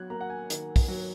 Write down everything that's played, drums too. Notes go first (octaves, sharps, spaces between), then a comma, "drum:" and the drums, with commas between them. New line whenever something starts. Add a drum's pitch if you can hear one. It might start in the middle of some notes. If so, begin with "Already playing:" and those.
Already playing: F#3 F#6 G#6
A#3 A#5
F#5
G#5
D#3, drum: hi-hat
drum: kick, open hi-hat
F#3